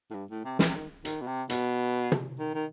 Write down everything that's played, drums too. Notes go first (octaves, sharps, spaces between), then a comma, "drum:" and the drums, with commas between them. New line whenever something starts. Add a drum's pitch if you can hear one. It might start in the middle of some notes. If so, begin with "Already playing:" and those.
A2
G2
A2
C3
E3, drum: snare
C3
D#3
D#3, drum: hi-hat
B2
C3
B2, drum: hi-hat
drum: tom
D#3
D#3